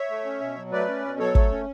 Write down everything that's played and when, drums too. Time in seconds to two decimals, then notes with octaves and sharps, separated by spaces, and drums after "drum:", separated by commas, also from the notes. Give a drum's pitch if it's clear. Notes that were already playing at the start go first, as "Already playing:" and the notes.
Already playing: C#5 E5
0.10 A3
0.25 C#4
0.40 B2
0.57 F#3
0.72 A3 B4 D5
0.88 C#4
1.04 B2
1.19 F#3 A4 C#5
1.35 A3, drum: kick
1.51 C#4